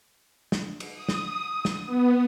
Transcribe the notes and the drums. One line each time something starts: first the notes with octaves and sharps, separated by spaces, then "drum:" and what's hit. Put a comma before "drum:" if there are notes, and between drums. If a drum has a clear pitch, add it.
drum: snare
drum: cymbal
D#6
drum: snare
drum: snare
B3